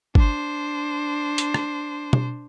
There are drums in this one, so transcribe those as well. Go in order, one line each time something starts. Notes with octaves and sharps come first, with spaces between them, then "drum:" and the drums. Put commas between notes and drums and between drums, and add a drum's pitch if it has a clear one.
D4 C5, drum: kick G1
drum: hi-hat
drum: rim click
drum: tom